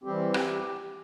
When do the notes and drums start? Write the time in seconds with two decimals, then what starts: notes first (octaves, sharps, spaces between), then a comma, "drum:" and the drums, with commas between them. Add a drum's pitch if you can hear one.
0.04 E3 G3 C4 G4
0.34 drum: rim click